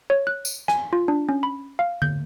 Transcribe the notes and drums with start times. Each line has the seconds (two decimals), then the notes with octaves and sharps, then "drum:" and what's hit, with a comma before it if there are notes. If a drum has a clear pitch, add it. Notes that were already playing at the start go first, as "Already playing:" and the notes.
0.10 C#5
0.27 F#6
0.45 drum: tambourine
0.68 G#5, drum: rim click
0.93 F4
1.08 D4
1.29 C#4
1.43 B5
1.79 F5
2.02 G6, drum: tom D3